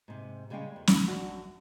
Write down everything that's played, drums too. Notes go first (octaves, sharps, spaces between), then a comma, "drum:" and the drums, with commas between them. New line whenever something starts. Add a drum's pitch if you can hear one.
G#2 C3
C#3 G3 G#3 C#4 F5 G5
F2
drum: snare
F#2 C#4 D4 F#4